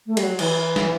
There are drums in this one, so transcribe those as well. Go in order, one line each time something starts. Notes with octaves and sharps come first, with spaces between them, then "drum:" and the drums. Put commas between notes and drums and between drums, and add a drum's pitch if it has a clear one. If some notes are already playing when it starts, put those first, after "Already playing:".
A3
G3, drum: cymbal
F#3
E3, drum: cymbal
drum: snare